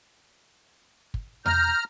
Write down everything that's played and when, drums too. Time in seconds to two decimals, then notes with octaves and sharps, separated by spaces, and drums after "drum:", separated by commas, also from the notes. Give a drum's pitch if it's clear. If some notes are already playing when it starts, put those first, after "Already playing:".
1.14 drum: kick
1.46 A#5 F6 G6, drum: tom E2